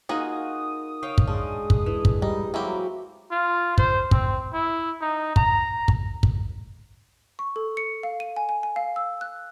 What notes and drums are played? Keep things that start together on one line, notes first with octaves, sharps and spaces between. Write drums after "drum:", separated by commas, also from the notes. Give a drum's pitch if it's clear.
A#3 D#4 F4 F#4 G#4 A#4 D#6
C#5 F5 G5
drum: kick
G#3 C#4 D4
drum: kick
E3
drum: kick
G3 D#4
F#3 A#3 C4 E4 F#4 G4
F4
C5, drum: kick
C4, drum: kick
E4
D#4
A#5, drum: kick
drum: kick
drum: kick
C#6
A4
C#7
F5
D#7
G#5
G#5
G#5
F5
E6
F#6